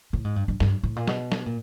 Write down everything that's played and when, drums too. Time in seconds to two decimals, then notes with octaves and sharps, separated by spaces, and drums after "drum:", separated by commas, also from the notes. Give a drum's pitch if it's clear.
0.13 A2
0.24 G#2
0.36 G2
0.48 G2
0.60 G2, drum: snare
0.83 A2
0.96 A#2
1.08 B2, drum: snare
1.32 drum: snare
1.46 A#2